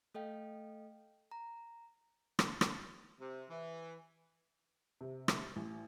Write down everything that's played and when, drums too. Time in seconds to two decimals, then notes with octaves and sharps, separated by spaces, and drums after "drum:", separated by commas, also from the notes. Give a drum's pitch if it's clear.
0.14 A3 A4 D#5 F5 G5
1.31 A#5
2.39 drum: rim click
2.61 drum: rim click
3.19 C3
3.50 E3
5.01 C3
5.28 drum: rim click
5.56 A1